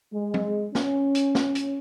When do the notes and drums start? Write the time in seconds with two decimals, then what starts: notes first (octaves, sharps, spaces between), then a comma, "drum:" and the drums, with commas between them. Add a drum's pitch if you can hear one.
0.13 G#3
0.34 drum: tom
0.75 C#4, drum: snare
1.15 drum: hi-hat
1.35 drum: snare
1.55 drum: hi-hat